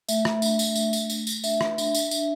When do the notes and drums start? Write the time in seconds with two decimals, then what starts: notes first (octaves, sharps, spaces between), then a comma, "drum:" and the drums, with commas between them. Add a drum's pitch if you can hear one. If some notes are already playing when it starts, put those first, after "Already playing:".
0.09 A3 E5, drum: tambourine
0.25 drum: rim click
0.42 D4, drum: tambourine
0.59 drum: tambourine
0.75 A3, drum: tambourine
0.93 drum: tambourine
1.10 A3, drum: tambourine
1.27 drum: tambourine
1.44 D4 E5, drum: tambourine
1.61 drum: rim click
1.78 D4, drum: tambourine
1.95 drum: tambourine
2.11 D4, drum: tambourine